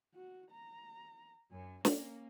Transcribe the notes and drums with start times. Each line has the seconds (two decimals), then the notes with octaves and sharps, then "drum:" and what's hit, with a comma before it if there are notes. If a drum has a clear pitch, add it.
0.14 F#4
0.50 A#5
1.52 F#2 G#5
1.85 A#3 C#4, drum: snare